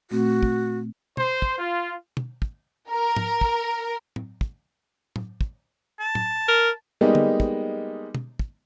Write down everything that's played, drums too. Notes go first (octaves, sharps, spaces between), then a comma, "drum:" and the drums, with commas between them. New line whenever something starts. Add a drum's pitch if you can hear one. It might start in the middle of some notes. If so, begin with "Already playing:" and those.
A#2 A3 C4 F#4
drum: kick
C5, drum: tom
drum: kick
F4
drum: tom
drum: kick
A#4
drum: tom G#2
drum: kick
drum: tom A2
drum: kick
drum: tom A2
drum: kick
A5
drum: tom A2
A#4
G3 G#3 A#3 B3 D#4
drum: tom
drum: kick
drum: tom
drum: kick